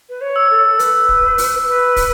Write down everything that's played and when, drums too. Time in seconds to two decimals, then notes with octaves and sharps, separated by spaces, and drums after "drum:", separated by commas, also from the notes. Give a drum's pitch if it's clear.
0.09 B4
0.21 C#5
0.36 E6
0.51 A4
0.79 B4, drum: hi-hat
1.09 drum: kick
1.38 drum: open hi-hat
1.67 B4
1.96 drum: kick, open hi-hat